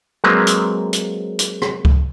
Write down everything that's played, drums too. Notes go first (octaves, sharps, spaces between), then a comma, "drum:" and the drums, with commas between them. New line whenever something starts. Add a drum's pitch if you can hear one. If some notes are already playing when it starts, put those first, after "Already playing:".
F#3 G#3 A#3 C4 B4
drum: hi-hat
drum: hi-hat
drum: hi-hat
drum: rim click
drum: kick C#2